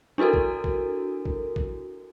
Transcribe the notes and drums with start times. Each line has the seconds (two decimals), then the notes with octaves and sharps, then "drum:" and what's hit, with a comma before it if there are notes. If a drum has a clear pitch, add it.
0.18 D4 E4 F#4 A4 A#4
0.33 drum: kick A#1
0.64 drum: kick A#1
1.25 drum: kick A#1
1.56 drum: kick A#1